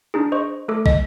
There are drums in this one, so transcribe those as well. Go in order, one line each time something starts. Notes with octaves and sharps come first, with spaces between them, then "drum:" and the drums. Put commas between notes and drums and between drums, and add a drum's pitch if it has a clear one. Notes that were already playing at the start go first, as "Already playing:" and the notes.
D4 D#4 G#4
C5 D#5 C#6
A3 A4 D6
D#5, drum: kick